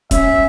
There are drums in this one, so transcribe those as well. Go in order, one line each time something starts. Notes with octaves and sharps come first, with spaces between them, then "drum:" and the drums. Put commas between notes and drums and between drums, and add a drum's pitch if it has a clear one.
C#4 E5, drum: kick, hi-hat